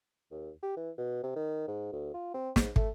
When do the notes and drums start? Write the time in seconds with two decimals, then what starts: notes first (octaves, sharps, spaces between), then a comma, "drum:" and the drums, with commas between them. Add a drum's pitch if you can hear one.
0.31 D#2
0.63 G4
0.77 E3
0.98 B2
1.23 C3
1.36 D#3
1.68 G#2
1.93 D2
2.14 F4
2.34 C4
2.56 G#2, drum: snare
2.76 A3, drum: kick